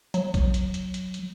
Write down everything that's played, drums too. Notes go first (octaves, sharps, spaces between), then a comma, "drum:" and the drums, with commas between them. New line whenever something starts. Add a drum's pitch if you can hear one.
F#3, drum: hi-hat
drum: kick A#1, hi-hat
drum: hi-hat
drum: hi-hat
drum: hi-hat
drum: hi-hat